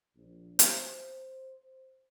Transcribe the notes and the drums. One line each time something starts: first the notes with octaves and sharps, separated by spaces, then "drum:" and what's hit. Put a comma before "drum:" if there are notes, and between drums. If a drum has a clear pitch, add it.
A#1
C5, drum: hi-hat